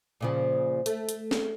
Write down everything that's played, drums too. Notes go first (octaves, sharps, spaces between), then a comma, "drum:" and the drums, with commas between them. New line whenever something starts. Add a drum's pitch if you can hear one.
A#2 C#3 F3
A3, drum: hi-hat
drum: hi-hat
drum: snare